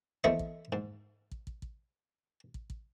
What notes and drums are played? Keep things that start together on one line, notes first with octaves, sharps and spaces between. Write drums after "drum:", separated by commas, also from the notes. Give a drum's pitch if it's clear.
E2 A3 E4 C5 D#5 C#6, drum: kick
drum: kick
G#2
drum: kick
drum: kick
drum: kick
drum: kick
drum: kick